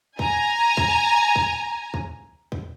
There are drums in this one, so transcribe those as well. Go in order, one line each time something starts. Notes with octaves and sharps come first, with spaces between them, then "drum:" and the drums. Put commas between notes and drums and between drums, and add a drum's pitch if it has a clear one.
G#5 A#5, drum: kick
drum: kick
drum: kick
drum: kick
drum: kick